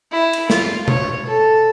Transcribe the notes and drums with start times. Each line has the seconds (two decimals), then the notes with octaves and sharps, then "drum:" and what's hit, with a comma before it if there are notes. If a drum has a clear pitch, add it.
0.12 E4
0.33 drum: cymbal
0.50 F4, drum: snare
0.88 C#5, drum: tom B2
1.27 A4